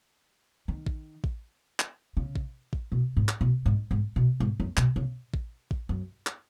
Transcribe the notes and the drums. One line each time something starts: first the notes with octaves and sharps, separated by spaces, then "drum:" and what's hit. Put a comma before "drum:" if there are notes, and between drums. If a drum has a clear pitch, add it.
D#3
drum: kick A1
drum: kick A1
drum: clap
C#3
drum: kick A1
drum: kick A1
B2
G#2
drum: clap
B2
G#2
G#2
B2
G#2
F#2
B2, drum: clap
C#3
drum: kick A1
drum: kick A1
F#2
drum: clap